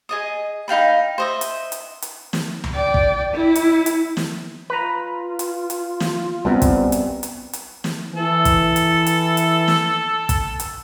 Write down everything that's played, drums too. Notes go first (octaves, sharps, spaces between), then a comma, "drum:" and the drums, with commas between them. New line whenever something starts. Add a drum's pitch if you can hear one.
G#4 D#5 D#6
D#4 F5 G5 B5
C5 D#5 E5
drum: hi-hat
drum: hi-hat
drum: hi-hat
drum: snare
drum: tom C#2
D5 G5
drum: kick
E4
drum: hi-hat
drum: hi-hat
drum: snare
F4 B4 A#5
drum: hi-hat
drum: hi-hat
drum: snare
F#2 G3 B3 C4
drum: kick, hi-hat
drum: hi-hat
drum: hi-hat
drum: hi-hat
drum: snare
E3 A4
drum: kick, hi-hat
drum: hi-hat
drum: hi-hat
drum: hi-hat
drum: snare
drum: kick, hi-hat
drum: hi-hat